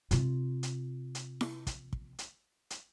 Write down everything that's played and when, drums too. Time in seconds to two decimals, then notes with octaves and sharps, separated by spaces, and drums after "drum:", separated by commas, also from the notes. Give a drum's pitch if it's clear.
0.11 C3 F4, drum: hi-hat
0.63 drum: hi-hat
1.15 drum: hi-hat
1.41 drum: snare E4
1.67 drum: kick, hi-hat
1.93 drum: kick
2.19 drum: hi-hat
2.70 drum: hi-hat